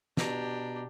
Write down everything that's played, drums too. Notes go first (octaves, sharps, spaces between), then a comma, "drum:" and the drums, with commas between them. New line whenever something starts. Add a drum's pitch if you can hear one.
B2 D4 G4 A#5, drum: snare